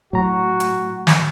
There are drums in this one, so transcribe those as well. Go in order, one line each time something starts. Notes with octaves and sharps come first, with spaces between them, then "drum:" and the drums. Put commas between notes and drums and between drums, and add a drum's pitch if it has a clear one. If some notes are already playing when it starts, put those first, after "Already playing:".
A2 F#3 F#4 A#5
drum: hi-hat
drum: snare